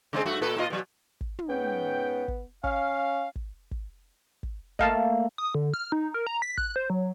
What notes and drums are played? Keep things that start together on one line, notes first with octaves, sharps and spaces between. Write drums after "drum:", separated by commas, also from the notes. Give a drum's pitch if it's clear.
C#3 G#3 C4
G2 A3 F#4
A#2 A4 B4
A#2 F4 D#5
B2 F#3
drum: kick
drum: tom
G#2 B3 C#4 G5
drum: kick
C#4 F5, drum: kick
drum: kick
drum: kick
drum: kick
A3 A#3 D#5 F5 A5, drum: kick
D#6
D3
F6
D#4
A#4
A#5
B6
F#6, drum: kick
C5
F#3